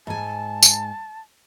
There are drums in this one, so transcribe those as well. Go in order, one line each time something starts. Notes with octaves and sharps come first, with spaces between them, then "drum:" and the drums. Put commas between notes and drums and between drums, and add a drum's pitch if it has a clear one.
G#2 G#5 A5
drum: tambourine